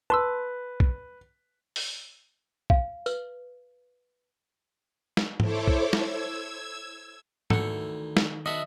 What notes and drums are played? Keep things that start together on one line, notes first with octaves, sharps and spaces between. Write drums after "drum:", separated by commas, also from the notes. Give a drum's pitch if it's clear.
B4 A5 C6 E6
drum: kick B1
drum: open hi-hat
F5, drum: kick B1
B4, drum: tambourine
drum: snare
E4 A4 C5 C#5 D6, drum: tom G#2
drum: kick B1
E6 G#6, drum: snare
D2 D#3 E3 A4 F#5, drum: tom G#2
drum: snare
B3 D4 F#4 D#5 E5